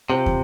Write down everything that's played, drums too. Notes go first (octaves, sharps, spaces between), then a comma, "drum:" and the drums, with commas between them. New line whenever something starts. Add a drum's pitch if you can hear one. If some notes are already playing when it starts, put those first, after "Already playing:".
C3 F4 C5 G5
drum: kick